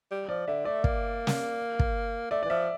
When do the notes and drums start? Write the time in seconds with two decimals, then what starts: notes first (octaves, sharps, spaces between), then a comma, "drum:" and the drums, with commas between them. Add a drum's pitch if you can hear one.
0.11 G3
0.29 F3 D5
0.47 D3 E5
0.65 A3 D5
0.84 A#3, drum: kick
1.27 drum: snare
1.79 drum: kick
2.31 A3 D5
2.43 E3 D5
2.50 F3 E5